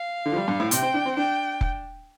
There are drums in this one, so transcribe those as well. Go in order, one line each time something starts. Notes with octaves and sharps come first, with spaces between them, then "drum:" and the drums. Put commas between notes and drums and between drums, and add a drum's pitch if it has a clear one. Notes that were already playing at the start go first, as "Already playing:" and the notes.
Already playing: F5
D3
F3
G3
G2
A2
C3 G5, drum: hi-hat
C4
D4
C4
D4 G5
drum: kick F1